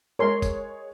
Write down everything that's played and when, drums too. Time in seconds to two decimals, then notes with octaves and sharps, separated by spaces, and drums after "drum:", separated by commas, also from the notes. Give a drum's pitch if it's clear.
0.19 G#3 G#4 A#4 C#5 C6
0.42 drum: kick, tambourine